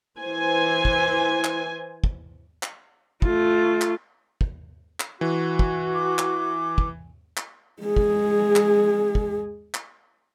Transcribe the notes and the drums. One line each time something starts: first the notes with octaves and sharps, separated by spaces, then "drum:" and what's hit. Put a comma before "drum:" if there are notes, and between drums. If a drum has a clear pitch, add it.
E3 C5 G#5
drum: kick
drum: clap
drum: kick
drum: clap
A3 F4, drum: kick
drum: clap
drum: kick
drum: clap
E3 F#4
drum: kick
D6
drum: clap
drum: kick
drum: clap
G#3 G#4
drum: kick
drum: clap
drum: kick
drum: clap